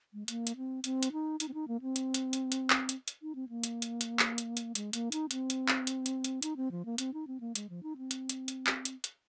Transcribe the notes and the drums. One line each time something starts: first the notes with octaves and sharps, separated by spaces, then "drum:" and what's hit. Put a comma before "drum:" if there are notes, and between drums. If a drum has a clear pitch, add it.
G#3
A#3, drum: hi-hat
drum: hi-hat
C4
C4, drum: hi-hat
drum: hi-hat
D#4
D#4, drum: hi-hat
C4
D#4
A#3
C4
drum: hi-hat
drum: hi-hat
drum: hi-hat
drum: hi-hat
drum: clap
drum: hi-hat
drum: hi-hat
D#4
C4
A#3
drum: hi-hat
drum: hi-hat
drum: hi-hat
drum: clap
drum: hi-hat
drum: hi-hat
G#3, drum: hi-hat
A#3, drum: hi-hat
D#4, drum: hi-hat
C4, drum: hi-hat
drum: hi-hat
drum: clap
drum: hi-hat
drum: hi-hat
drum: hi-hat
D#4, drum: hi-hat
C4
F3
A#3
C4, drum: hi-hat
D#4
C4
A#3
G#3, drum: hi-hat
F3
D#4
C4
drum: hi-hat
drum: hi-hat
drum: hi-hat
drum: clap
drum: hi-hat
drum: hi-hat